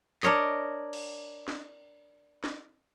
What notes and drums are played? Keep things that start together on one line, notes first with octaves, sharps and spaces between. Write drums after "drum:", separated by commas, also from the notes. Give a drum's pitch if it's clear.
D4 A#4 C#5 D#5, drum: clap
drum: cymbal
drum: snare
drum: snare